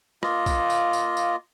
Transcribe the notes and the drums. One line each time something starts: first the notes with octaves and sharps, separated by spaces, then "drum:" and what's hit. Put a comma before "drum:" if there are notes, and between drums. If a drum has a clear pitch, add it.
A#3 F4 D#5, drum: rim click
drum: kick B1, tambourine
drum: tambourine
drum: tambourine
drum: tambourine